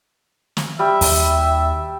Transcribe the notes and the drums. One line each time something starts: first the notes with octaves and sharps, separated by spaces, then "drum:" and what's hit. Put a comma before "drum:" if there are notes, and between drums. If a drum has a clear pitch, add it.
drum: snare
G3 E5
D#2, drum: open hi-hat